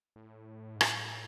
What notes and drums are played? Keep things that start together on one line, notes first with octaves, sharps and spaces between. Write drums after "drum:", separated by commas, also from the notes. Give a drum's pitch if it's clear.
A2
G#2
A2, drum: rim click